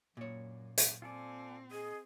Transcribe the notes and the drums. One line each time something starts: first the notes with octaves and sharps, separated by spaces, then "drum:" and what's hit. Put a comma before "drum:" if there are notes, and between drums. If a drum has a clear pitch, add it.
F#2 A#2 C#5
drum: hi-hat
C4 F4 A4 D5 G#5
G#4 D#5